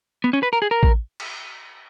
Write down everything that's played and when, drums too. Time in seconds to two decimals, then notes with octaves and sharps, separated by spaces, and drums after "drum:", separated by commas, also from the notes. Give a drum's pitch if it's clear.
0.24 B3
0.33 C#4
0.43 B4
0.53 A#4
0.62 G#4
0.71 A#4
0.83 drum: kick A1
1.20 drum: cymbal